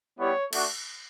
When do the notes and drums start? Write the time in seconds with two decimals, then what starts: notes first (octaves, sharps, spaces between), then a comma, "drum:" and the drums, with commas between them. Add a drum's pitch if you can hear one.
0.18 G3 B3 E4 G4 C#5
0.53 A3 D4 F#4, drum: cymbal